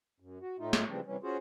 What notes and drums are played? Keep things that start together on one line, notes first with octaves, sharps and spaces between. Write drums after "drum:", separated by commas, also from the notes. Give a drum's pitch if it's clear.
F#2
F#4
A2 A3 D#4 F4
drum: snare
C#3 E3 F3 G3 C4 D4
C3 E3 G3 C#4
C#4 F4 F#4 G#4 C5